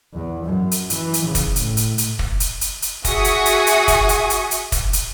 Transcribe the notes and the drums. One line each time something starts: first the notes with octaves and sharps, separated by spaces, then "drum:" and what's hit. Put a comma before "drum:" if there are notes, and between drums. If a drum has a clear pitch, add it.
E2
F#2
drum: hi-hat
E3, drum: hi-hat
drum: hi-hat
C#3
drum: kick, hi-hat
A2, drum: hi-hat
drum: hi-hat
drum: hi-hat
drum: kick
drum: hi-hat
drum: hi-hat
drum: hi-hat
F#4 G#4 E5 G#5 C#6 D#6, drum: kick, hi-hat
drum: hi-hat
drum: hi-hat
drum: hi-hat
drum: kick, hi-hat
drum: hi-hat
drum: hi-hat
drum: hi-hat
drum: kick, hi-hat
drum: hi-hat